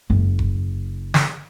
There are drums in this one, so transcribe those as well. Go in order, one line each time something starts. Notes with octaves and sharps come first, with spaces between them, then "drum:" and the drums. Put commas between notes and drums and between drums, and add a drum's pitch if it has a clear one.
F#1
drum: kick F1
drum: snare